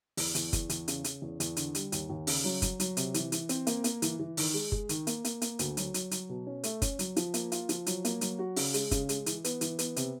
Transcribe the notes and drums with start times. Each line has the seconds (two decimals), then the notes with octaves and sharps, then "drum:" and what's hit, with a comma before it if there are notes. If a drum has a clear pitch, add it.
0.17 E2, drum: open hi-hat
0.35 E2, drum: hi-hat
0.53 E2, drum: kick F#1, hi-hat
0.70 E2, drum: hi-hat
0.88 C#3, drum: hi-hat
1.04 C#3, drum: hi-hat
1.22 E2
1.40 E2, drum: hi-hat
1.57 D3, drum: hi-hat
1.75 G3, drum: hi-hat
1.92 D#2, drum: hi-hat
2.09 D#2
2.27 C#3, drum: open hi-hat
2.44 F#3
2.62 F#3, drum: kick F#1, hi-hat
2.80 F#3, drum: hi-hat
2.97 C3, drum: hi-hat
3.14 E3, drum: hi-hat
3.32 E3, drum: hi-hat
3.49 C4, drum: hi-hat
3.67 A#3, drum: hi-hat
3.84 A#3, drum: hi-hat
4.02 E3, drum: hi-hat
4.19 E3
4.37 D#3, drum: open hi-hat
4.54 G#3
4.72 G#3, drum: kick F#1
4.89 D#3, drum: hi-hat
5.07 A#3, drum: hi-hat
5.25 A#3, drum: hi-hat
5.42 A#3, drum: hi-hat
5.59 D2, drum: hi-hat
5.77 F#3, drum: hi-hat
5.94 F#3, drum: hi-hat
6.11 F#3, drum: hi-hat
6.29 B2
6.47 C#4
6.63 A3, drum: hi-hat
6.82 C#4, drum: kick F#1, hi-hat
6.99 F#3, drum: hi-hat
7.16 F3, drum: hi-hat
7.34 A#3, drum: hi-hat
7.52 F4, drum: hi-hat
7.69 F3, drum: hi-hat
7.86 F#3, drum: hi-hat
8.05 A#3, drum: hi-hat
8.21 F#3, drum: hi-hat
8.39 F#4
8.56 C#3, drum: open hi-hat
8.74 G#3, drum: hi-hat
8.91 C#3, drum: kick F#1, hi-hat
9.09 G#3, drum: hi-hat
9.26 E3, drum: hi-hat
9.44 B3, drum: hi-hat
9.61 E3, drum: hi-hat
9.79 B3, drum: hi-hat
9.96 C3, drum: hi-hat